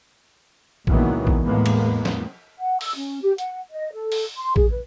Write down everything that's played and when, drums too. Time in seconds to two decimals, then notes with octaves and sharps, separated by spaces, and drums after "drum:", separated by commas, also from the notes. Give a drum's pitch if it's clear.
0.87 C#2 A#2 D#3 E3 F#3 B3, drum: kick
1.27 drum: kick
1.45 E2 A2 G#3 A#3 B3
1.66 drum: cymbal
2.05 drum: snare
2.59 F#5
2.81 E6, drum: open hi-hat
2.95 C#4
3.23 G4
3.38 F#5, drum: hi-hat
3.70 D#5
3.93 A4
4.12 drum: open hi-hat
4.36 C6
4.56 G#4, drum: kick
4.70 B4